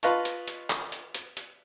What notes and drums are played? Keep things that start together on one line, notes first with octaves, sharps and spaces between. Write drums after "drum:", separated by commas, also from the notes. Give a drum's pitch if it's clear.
F4 B4 D#5 F5 A5 C#6, drum: hi-hat
drum: hi-hat
drum: hi-hat
drum: clap
drum: hi-hat
drum: hi-hat
drum: hi-hat